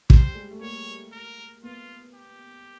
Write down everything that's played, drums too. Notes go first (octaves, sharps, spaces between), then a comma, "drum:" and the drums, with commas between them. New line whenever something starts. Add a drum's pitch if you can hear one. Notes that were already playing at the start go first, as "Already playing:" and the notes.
G3 C5, drum: kick
G#3
A3
A#3 C#5
A#4
B3 F4
G4